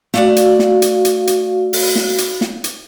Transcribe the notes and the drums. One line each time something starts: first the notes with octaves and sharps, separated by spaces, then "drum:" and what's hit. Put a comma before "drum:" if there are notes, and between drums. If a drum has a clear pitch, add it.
A3 F#4 D5 F5 F#5, drum: snare
drum: hi-hat
drum: snare
drum: hi-hat
drum: hi-hat
drum: hi-hat
drum: open hi-hat
drum: snare
drum: hi-hat
drum: snare
drum: hi-hat